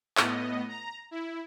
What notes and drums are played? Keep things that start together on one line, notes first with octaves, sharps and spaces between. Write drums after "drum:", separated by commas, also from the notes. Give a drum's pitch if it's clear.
A2 B3 D#5, drum: clap
A#5
E4